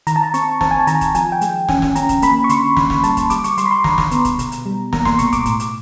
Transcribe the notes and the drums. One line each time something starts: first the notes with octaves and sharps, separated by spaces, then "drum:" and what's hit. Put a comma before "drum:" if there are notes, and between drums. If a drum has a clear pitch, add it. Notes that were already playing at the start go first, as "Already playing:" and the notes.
D#3 A#5, drum: hi-hat
A5
A#5
C4 C#6, drum: hi-hat
C4 A5, drum: snare
G#5
A5
D#3 A#5, drum: hi-hat
drum: kick, hi-hat
F3 G#5, drum: hi-hat
G5
G#3, drum: hi-hat
C#4 G#5, drum: snare
drum: snare
C#4 A#5, drum: hi-hat
drum: kick, hi-hat
A#3 B5, drum: hi-hat
C#6
D3 C6, drum: hi-hat
D3 B5, drum: snare
drum: snare
G3 A5, drum: hi-hat
drum: kick, hi-hat
G3 D6, drum: hi-hat
C#6, drum: hi-hat
G3 C6, drum: hi-hat
B5
C6
D3 A#5, drum: snare
drum: snare
B3, drum: hi-hat
drum: kick, hi-hat
B2, drum: hi-hat
drum: hi-hat
G3
A#3 A#5, drum: snare
C6, drum: snare
B2 C#6, drum: hi-hat
D6, drum: kick, hi-hat
A2, drum: hi-hat
drum: hi-hat